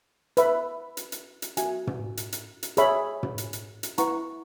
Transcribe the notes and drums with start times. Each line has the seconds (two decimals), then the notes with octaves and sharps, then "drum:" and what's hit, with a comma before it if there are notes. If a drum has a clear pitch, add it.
0.37 B4 E5 B5, drum: hi-hat
0.97 drum: hi-hat
1.12 drum: hi-hat
1.42 drum: hi-hat
1.57 F#4 A#4 E5 G#5, drum: hi-hat
1.87 drum: tom
2.17 drum: hi-hat
2.32 drum: hi-hat
2.63 drum: hi-hat
2.77 G#4 C#5 E5 B5, drum: hi-hat
3.23 drum: tom
3.38 drum: hi-hat
3.53 drum: hi-hat
3.83 drum: hi-hat
3.98 E4 B4 F#5 A#5 C#6, drum: hi-hat